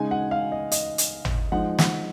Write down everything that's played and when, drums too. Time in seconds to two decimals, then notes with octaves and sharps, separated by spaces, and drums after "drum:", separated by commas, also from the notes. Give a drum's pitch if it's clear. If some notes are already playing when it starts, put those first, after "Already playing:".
Already playing: C#3 G#3 D#4 G#5
0.11 F#5
0.31 F5
0.52 D#5
0.72 D#5, drum: hi-hat
0.98 drum: hi-hat
1.25 drum: tom
1.52 F3 G#3 D#4 F#5
1.79 F#5, drum: snare